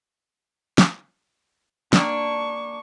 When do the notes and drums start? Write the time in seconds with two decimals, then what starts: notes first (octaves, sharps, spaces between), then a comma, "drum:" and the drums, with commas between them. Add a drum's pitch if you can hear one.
0.78 drum: snare
1.93 A#3 D4 G5 C#6, drum: snare